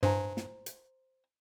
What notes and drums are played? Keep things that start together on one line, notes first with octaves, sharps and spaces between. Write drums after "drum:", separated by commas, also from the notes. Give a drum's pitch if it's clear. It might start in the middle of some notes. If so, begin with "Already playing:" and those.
G2 C5 G#5 A#5, drum: tom A2
drum: snare
drum: hi-hat